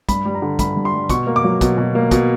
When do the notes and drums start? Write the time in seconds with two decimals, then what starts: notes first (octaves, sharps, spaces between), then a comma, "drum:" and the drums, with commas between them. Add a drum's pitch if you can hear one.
0.09 G2 B5, drum: kick, hi-hat
0.25 G3
0.35 A#5
0.42 D3
0.59 G2 B5, drum: kick, hi-hat
0.77 G2
0.85 C6
0.94 G3
1.09 B2 C#6, drum: kick, hi-hat
1.27 A#3
1.36 D6
1.44 F#3
1.61 B2, drum: kick, hi-hat
1.78 B2
1.95 A#3
2.11 B2, drum: kick, hi-hat